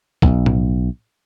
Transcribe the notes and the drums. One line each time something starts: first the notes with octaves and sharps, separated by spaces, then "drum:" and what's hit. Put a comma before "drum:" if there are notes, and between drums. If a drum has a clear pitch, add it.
B1, drum: kick B1
drum: tom A2